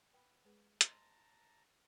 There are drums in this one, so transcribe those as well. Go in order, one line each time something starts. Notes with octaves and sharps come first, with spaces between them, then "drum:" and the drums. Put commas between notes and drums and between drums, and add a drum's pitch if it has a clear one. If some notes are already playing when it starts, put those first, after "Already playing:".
B3 G5 B5
G#3 G#4 B4
C5 D#5 A5 A#5 C6, drum: hi-hat